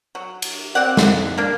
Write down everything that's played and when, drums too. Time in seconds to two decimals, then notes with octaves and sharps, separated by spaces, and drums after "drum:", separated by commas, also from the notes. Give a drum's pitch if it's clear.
0.15 F#3
0.42 drum: cymbal
0.75 C4 D5 F#5
0.97 drum: snare
1.38 A#3 D4